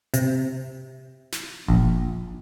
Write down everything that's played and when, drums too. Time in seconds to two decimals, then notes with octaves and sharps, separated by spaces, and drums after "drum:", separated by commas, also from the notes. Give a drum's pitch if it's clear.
0.14 C3, drum: hi-hat
1.33 drum: snare
1.68 A#1, drum: kick F#1